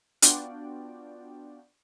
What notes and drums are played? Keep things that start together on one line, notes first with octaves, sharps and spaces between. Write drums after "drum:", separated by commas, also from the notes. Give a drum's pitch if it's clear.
B3 D4 F4 F#4 D5 G5, drum: hi-hat